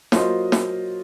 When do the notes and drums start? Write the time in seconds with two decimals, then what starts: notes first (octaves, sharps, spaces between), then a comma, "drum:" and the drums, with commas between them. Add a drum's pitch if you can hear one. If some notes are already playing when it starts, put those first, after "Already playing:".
0.12 F#3 A#3 F4 C5 D#5, drum: snare
0.52 drum: snare